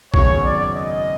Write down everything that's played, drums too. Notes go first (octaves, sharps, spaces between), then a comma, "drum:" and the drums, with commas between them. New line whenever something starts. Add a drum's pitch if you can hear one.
G#1 F#2 C#3 F#3 B3 C#5, drum: kick
D5
D#5